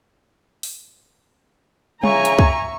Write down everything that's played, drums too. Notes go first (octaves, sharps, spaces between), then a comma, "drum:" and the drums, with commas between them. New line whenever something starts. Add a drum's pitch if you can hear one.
drum: open hi-hat
C#3 E5 G#5 A#5 C#6, drum: tom G3
drum: hi-hat
drum: kick